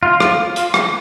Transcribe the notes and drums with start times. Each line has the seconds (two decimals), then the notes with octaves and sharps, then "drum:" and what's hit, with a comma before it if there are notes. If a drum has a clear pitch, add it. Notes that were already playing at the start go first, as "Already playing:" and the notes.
0.03 F4
0.20 drum: rim click
0.56 drum: hi-hat
0.74 drum: rim click